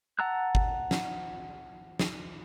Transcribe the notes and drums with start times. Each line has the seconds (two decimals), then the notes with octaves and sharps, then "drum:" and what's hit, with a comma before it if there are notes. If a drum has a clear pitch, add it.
0.19 F#5 A5 A#5 E6 F#6
0.55 drum: kick G1
0.91 drum: snare
1.99 drum: snare